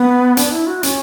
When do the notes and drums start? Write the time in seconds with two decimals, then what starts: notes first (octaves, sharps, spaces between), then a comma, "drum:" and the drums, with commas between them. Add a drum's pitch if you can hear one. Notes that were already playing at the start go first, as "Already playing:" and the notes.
Already playing: B3
0.37 D4, drum: hi-hat
0.52 E4
0.67 F#4
0.83 C#4, drum: hi-hat